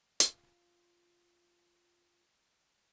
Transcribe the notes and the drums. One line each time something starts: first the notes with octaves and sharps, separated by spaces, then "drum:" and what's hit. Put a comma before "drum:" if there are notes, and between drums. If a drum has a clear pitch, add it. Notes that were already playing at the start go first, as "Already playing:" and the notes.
F4 F5, drum: hi-hat